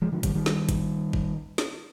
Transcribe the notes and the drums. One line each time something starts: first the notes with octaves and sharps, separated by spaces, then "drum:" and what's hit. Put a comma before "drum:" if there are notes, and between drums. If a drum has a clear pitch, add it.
F3 G#3
D3 F3
D#3 G3, drum: kick, hi-hat
D#3 G3
drum: snare
drum: kick, hi-hat
drum: kick
drum: snare